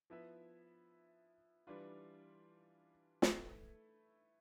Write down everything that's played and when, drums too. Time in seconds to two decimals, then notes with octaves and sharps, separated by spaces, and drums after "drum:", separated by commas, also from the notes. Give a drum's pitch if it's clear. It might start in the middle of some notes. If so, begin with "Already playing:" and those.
0.10 F3 B3 E4 B4 E5
1.67 E3 G3 D4 F4 B4
3.22 A3 E4 B4, drum: snare